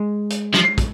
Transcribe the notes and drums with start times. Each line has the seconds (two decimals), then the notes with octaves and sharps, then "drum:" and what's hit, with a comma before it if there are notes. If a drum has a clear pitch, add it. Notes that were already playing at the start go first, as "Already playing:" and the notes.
Already playing: G#3
0.30 drum: hi-hat
0.54 F3, drum: snare
0.78 drum: kick, hi-hat